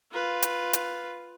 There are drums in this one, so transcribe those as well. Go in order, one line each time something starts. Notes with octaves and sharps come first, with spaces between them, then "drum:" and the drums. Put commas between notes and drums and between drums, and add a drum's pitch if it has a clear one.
F4 B4
drum: hi-hat
drum: hi-hat